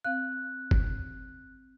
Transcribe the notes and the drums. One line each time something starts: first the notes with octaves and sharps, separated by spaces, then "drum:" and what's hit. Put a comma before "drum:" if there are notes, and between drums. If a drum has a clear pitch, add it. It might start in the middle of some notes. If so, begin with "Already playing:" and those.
C4 F5 F#6
drum: kick G1